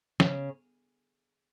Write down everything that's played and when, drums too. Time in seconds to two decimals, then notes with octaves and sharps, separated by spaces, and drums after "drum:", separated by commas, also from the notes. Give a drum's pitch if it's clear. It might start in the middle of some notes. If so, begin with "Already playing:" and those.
0.20 C#3, drum: snare